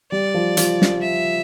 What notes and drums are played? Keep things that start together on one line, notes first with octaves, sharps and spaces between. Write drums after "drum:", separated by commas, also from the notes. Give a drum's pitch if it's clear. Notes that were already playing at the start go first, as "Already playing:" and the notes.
G3 D5
F3
F3, drum: hi-hat
drum: snare
E5